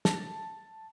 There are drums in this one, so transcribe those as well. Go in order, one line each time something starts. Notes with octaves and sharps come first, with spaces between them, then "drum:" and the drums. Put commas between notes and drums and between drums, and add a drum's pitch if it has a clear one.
A5, drum: snare